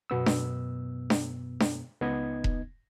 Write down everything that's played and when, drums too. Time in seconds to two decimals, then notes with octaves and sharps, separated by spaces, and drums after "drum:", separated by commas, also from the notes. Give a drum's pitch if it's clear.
0.10 F#2 B2 B3 E6
0.26 drum: snare D4
1.10 drum: snare D4
1.60 drum: snare D4
2.01 C#2 B3 D#4 D#5 G#6
2.44 drum: kick E1